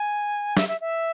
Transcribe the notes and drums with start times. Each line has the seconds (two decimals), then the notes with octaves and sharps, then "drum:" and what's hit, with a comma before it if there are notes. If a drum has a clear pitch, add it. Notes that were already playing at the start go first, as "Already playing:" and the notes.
Already playing: G#5
0.57 E5, drum: snare
0.68 E5
0.81 E5